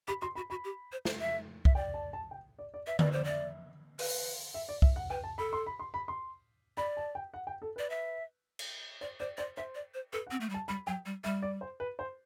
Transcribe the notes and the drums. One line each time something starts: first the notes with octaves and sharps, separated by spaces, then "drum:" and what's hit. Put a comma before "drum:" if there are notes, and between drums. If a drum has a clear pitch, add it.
G4 B5
F#4 C6
F#4 B5
F#4 B5
G4
C5
C5, drum: snare
E5
E5, drum: kick C2
D5 G5
A5
A5
G5
D5
D5
B4 E5
B4 D5, drum: tom D3
C5 D5
D5
E5
B4, drum: open hi-hat
E5
D5
E5, drum: kick C2
F#5
B4 G5
A5
A4 B5
C6
B5
C6
B5
C6
D5 B5
A5
G5
F#5
G5
A4
B4 D5
E5
drum: cymbal
C5 D5
C5 D5
C5 D5
C5 E5
D5
C5
A4 B4
F#5
C4
A3
G3
A5
G3 B5
F#3 G5
G3
G3 E5
D5
C5
B4
C5